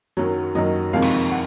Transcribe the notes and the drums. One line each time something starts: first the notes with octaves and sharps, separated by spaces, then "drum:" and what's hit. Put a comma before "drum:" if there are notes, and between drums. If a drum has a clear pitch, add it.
F#2 D#3 F#3 C#5
F#2 D#3 F#3 D#5
F2 C3 D#3 G#3 F5
drum: cymbal
F#5